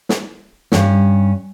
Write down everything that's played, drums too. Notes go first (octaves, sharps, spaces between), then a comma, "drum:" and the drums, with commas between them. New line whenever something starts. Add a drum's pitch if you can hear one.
drum: snare
G2 C#4, drum: snare